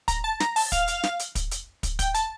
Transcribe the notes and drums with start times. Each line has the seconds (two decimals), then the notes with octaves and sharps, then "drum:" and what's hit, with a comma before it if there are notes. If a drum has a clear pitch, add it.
0.08 A#5, drum: kick, hi-hat
0.24 A5
0.40 A#5, drum: snare
0.56 A5, drum: open hi-hat
0.72 F5, drum: kick, hi-hat
0.88 drum: hi-hat
1.04 drum: snare
1.19 drum: hi-hat
1.35 drum: kick, hi-hat
1.51 drum: hi-hat
1.83 drum: kick, hi-hat
1.99 G5, drum: kick, hi-hat
2.14 A5, drum: hi-hat